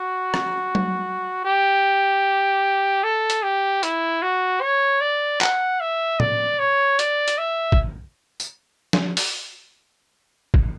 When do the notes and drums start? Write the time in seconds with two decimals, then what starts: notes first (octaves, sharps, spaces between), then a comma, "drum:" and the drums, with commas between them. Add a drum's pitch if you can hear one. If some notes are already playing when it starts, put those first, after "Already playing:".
Already playing: F#4
0.34 drum: rim click
0.75 drum: tom F#3
1.44 G4
3.03 A4
3.30 drum: hi-hat
3.43 G4
3.83 E4, drum: hi-hat
4.22 F#4
4.61 C#5
5.01 D5
5.41 F#5, drum: clap
5.81 E5
6.20 D5, drum: tom
6.59 C#5
6.99 D5, drum: hi-hat
7.28 drum: hi-hat
7.38 E5
7.72 drum: kick
8.40 drum: tambourine
8.93 drum: snare
9.17 drum: open hi-hat
10.54 drum: kick